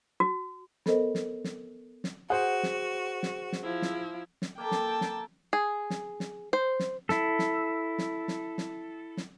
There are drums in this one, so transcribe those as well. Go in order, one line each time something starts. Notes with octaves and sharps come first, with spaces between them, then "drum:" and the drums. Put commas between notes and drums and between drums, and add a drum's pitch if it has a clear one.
F#4
B3 A4 A#4 C5 D#5, drum: snare
drum: snare
drum: snare
drum: snare
F#4 G#4 C5 F#5
drum: snare
drum: snare
drum: snare
F3 E4
drum: snare
drum: snare
A#3 A4 E5 G5 A5
drum: snare
drum: snare
G#4
drum: snare
drum: snare
C5
drum: snare
E4 A4, drum: snare
drum: snare
drum: snare
drum: snare
drum: snare
drum: snare